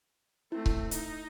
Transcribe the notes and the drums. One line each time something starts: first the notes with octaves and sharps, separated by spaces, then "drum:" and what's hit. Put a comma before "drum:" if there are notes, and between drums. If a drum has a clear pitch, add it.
A3 C4 E4
drum: kick C#1
D#4, drum: hi-hat